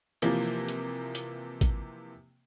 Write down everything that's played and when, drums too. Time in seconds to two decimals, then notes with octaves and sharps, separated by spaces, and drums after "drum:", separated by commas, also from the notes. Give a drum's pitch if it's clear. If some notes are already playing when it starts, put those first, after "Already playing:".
0.22 C3 E3 F3 A#3, drum: hi-hat
0.69 drum: hi-hat
1.15 drum: hi-hat
1.61 drum: kick, hi-hat